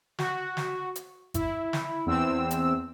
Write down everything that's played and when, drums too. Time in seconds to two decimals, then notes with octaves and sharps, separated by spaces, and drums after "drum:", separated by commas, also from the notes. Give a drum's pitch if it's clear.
0.19 F#4, drum: snare
0.57 drum: snare
0.96 drum: hi-hat
1.34 E4, drum: kick G#1, hi-hat
1.73 drum: snare
2.06 E2 C4 E6
2.51 drum: hi-hat